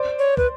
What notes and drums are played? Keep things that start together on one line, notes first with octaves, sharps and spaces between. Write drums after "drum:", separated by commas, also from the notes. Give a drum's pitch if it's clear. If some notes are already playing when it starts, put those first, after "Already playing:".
Already playing: C5 D5
C#5
B4, drum: kick